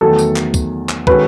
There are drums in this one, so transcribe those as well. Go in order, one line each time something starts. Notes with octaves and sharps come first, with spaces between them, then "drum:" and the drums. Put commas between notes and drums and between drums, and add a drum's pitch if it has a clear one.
E2 D#3 F#3 A3 A4
drum: tambourine
drum: clap
drum: kick, tambourine
drum: clap
D#3 G#3 C#4 F#4 A4 B4, drum: kick